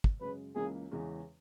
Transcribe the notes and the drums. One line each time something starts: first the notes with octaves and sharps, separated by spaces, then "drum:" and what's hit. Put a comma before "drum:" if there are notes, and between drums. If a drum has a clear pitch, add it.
drum: kick
F#2 C#3 G#3 B4
C#2 C#3 E3 A#3 G#4
E2 C#3 E3 G#3 C#4